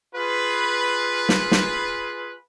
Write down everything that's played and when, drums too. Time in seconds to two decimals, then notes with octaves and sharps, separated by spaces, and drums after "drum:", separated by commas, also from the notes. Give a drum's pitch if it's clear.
0.15 F4 G#4 B4
1.29 drum: snare
1.52 drum: snare